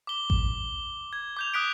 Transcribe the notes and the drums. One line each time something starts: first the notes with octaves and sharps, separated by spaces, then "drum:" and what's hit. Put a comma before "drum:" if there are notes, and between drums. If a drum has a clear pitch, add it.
D6 G7
drum: kick A1
G#6
D6 G6 F7
D#6 F#6 B6 D7